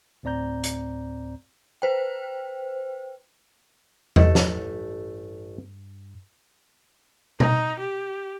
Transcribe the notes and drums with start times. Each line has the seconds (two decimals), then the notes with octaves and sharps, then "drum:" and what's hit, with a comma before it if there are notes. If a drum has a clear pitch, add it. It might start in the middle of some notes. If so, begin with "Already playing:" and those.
0.23 D2 A2 C4 D5 A#5 G6
0.63 drum: hi-hat
1.82 B4 C5 G5
4.16 A1 G2 A3 A4 D#5, drum: tom E2
4.35 drum: snare
7.40 D#4, drum: tom B2
7.79 G4